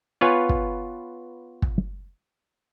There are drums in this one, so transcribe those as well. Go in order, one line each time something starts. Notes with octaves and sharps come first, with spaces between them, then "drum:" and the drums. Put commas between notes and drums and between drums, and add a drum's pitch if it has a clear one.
B3 F4 B4 C#5 F5 G#5
drum: kick
drum: kick